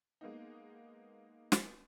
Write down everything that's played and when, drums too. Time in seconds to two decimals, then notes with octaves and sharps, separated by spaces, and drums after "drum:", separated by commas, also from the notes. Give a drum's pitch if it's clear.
0.21 G#3 A#3 B3 D#4
1.52 drum: snare